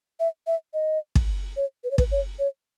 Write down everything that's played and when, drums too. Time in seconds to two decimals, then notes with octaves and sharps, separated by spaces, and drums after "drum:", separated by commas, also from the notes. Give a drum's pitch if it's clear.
0.20 E5
0.47 E5
0.74 D#5
1.15 drum: kick
1.57 C#5
1.84 B4
1.91 C#5
1.98 B4, drum: kick
2.12 C#5
2.39 C#5